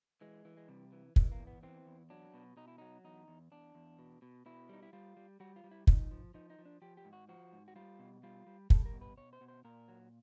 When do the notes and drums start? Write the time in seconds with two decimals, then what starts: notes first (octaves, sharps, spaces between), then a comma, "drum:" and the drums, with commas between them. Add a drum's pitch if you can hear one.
0.21 E3 G#3
0.45 E3
0.57 G#3
0.68 C3 G3
0.92 E3
1.16 E3 G#3, drum: kick
1.32 A#3
1.39 E2
1.47 B3
1.63 E3 C4
1.87 E2
2.10 F#3 D4
2.34 B2
2.57 B2 D#4
2.68 E4
2.78 F#3 D#4
3.05 E2 D#4
3.28 E2
3.52 E2 D4
3.75 E2
3.99 B2
4.22 B2
4.46 B2 E4
4.69 G3 D#4
4.83 E4
4.93 G3 F4
5.17 G3
5.40 G3 F#4
5.56 F4
5.64 G3
5.71 E4
5.87 F3 D#4, drum: kick
6.11 F3
6.34 F3 D#4
6.50 D#4
6.59 F3
6.65 D4
6.82 F3 G4
6.97 G4
7.05 G#2
7.13 F#4
7.29 F3 F#4
7.52 G#2
7.68 F#4
7.76 G3 F4
7.99 B2
8.23 G3 F4
8.47 G3
8.70 G3 A4, drum: kick
8.85 A#4
8.94 B2
9.01 B4
9.18 B2 C#5
9.33 C5
9.41 B2
9.48 C5
9.65 A#2 A#4
9.88 F#3